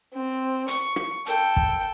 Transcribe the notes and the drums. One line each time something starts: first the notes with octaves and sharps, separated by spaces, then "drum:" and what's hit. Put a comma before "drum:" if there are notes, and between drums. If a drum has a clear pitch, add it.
C4
C#6, drum: hi-hat
drum: rim click
A4 G5, drum: hi-hat
drum: kick